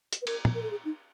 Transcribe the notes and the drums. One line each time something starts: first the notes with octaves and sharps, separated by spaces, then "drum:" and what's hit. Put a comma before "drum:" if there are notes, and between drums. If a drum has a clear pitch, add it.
drum: hi-hat
B4
A#4, drum: cymbal
drum: tom
A#4
A4
G#4
D#4